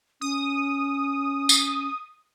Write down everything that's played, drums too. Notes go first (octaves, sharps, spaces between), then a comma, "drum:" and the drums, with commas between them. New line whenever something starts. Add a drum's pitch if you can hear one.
C#4 D#6
drum: tambourine